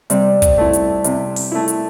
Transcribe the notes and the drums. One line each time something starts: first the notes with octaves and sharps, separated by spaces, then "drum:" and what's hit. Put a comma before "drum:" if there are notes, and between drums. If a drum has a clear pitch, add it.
C3 G3 C4, drum: hi-hat
drum: kick, hi-hat
A3 E4
drum: hi-hat
C3, drum: hi-hat
drum: open hi-hat
A3 E4
drum: hi-hat